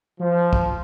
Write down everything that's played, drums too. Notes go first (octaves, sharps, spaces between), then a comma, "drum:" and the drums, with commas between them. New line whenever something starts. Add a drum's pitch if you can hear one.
F3
drum: kick